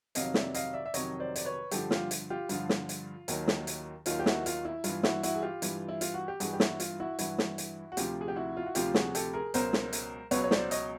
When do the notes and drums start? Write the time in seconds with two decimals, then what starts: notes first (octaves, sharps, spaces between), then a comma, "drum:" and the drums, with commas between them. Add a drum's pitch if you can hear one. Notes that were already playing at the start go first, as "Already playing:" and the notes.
0.15 F2 C3 D#3 F#3 D#5 F5, drum: hi-hat
0.34 D5 E5, drum: snare
0.54 D#5 F5, drum: hi-hat
0.73 D5 E5
0.86 E5
0.94 F2 C3 D#3 F#3 C#5 D#5, drum: hi-hat
1.20 C5 D5
1.36 D5, drum: hi-hat
1.45 B4 C#5
1.71 G2 D3 F3 G4 A4, drum: hi-hat
1.91 F4 G4, drum: snare
2.11 drum: hi-hat
2.30 F4 G4
2.49 G2 D3 F3 F4, drum: hi-hat
2.69 drum: snare
2.89 drum: hi-hat
3.28 D#2 D#3 F#3, drum: hi-hat
3.48 drum: snare
3.67 drum: hi-hat
4.06 D#2 D#3 F#3 F4, drum: hi-hat
4.19 G4
4.26 E4 F#4, drum: snare
4.46 F4, drum: hi-hat
4.65 E4
4.84 G2 F4, drum: hi-hat
4.89 E3
5.03 E4 F#4, drum: snare
5.23 E4 F#4, drum: hi-hat
5.35 G#4
5.42 F4 G4
5.62 G2 E3, drum: hi-hat
5.88 E4
6.01 F4, drum: hi-hat
6.14 F#4
6.28 G4
6.40 G2 E3 F#4 G#4, drum: hi-hat
6.53 G4
6.60 E4 F#4, drum: snare
6.80 F4, drum: hi-hat
7.00 E4 F#4
7.19 G2 E3 E4 F#4, drum: hi-hat
7.38 drum: snare
7.58 drum: hi-hat
7.92 F#4
7.97 D2 C3 F3 F4 G4, drum: hi-hat
8.21 G#4
8.28 G4
8.36 E4 F#4
8.57 F4
8.66 F#4
8.75 D2 C3 F3 F4 G4, drum: hi-hat
8.94 F#4 G#4, drum: snare
9.15 G4 A4, drum: hi-hat
9.33 G#4 A#4
9.54 C#2 B2 F#3 A#4 C5, drum: hi-hat
9.73 drum: snare
9.93 drum: hi-hat
10.31 C#2 B2 F#3 B4 C#5, drum: hi-hat
10.44 C#5
10.51 C5 D5, drum: snare
10.71 C#5 D#5, drum: hi-hat